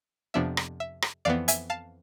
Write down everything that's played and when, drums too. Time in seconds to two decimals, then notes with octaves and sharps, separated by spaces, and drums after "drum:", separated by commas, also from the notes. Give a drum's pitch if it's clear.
0.34 F2 C3 F3 B3 D4 E5
0.57 drum: rim click
0.80 E5
1.02 drum: rim click
1.25 F2 E3 B3 D5 F5
1.48 E5 G#5, drum: hi-hat
1.70 F5 A5